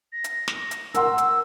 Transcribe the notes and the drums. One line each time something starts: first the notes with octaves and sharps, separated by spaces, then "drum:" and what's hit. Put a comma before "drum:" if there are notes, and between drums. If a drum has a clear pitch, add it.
A#6
drum: hi-hat
drum: snare
drum: hi-hat
A#4 F#5 C6 E6, drum: hi-hat
drum: hi-hat